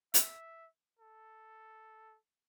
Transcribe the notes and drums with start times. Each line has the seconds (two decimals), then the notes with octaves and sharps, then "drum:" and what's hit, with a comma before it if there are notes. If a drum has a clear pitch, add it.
0.14 E5, drum: hi-hat
0.99 A4